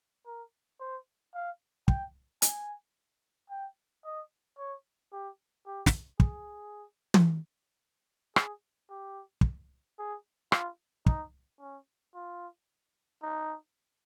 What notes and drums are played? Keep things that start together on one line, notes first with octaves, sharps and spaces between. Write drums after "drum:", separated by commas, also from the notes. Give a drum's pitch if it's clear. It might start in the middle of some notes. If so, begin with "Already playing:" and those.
A#4
C5
F5
G5, drum: kick
G#5, drum: hi-hat
G5
D#5
C#5
G4
G4
drum: snare
G#4, drum: kick
drum: tom
G#4, drum: rim click
G4
drum: kick
G#4
F4, drum: rim click
D#4, drum: kick
C#4
F4
D#4